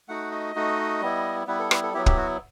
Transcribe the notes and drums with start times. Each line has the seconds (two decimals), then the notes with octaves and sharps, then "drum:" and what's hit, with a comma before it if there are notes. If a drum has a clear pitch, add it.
0.09 A3 D#4 F#4 F#5
0.31 D#5
0.55 A3 D#4 F#4
1.01 G3 B3 E4
1.47 G3 B3 E4 B4
1.59 A4
1.71 B4, drum: rim click
1.83 A4
1.94 F#3 B3 E4 G4
2.06 G4, drum: kick
2.17 F#4